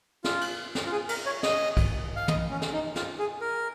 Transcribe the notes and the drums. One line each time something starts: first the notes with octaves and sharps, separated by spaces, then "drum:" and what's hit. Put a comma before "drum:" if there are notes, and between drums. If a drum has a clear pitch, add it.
F4, drum: snare
drum: cymbal
drum: snare
F4
G#4
A#4, drum: cymbal
C#5
D#5, drum: snare
drum: kick B1, cymbal
F5
D#5, drum: tom
C#4
drum: snare
D#4
F4, drum: snare
G#4
A#4